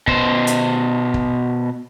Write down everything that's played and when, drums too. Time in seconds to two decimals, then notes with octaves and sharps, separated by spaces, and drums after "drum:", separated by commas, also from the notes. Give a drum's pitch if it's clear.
0.07 B2 C5, drum: kick
0.47 drum: hi-hat
1.14 drum: kick